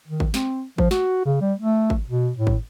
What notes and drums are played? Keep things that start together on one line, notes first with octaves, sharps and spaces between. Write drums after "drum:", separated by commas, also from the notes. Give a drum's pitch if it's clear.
D#3
drum: kick
C4, drum: snare
F3, drum: kick
F#4, drum: snare
C#3
G3
A3
drum: kick
B2
A2
drum: kick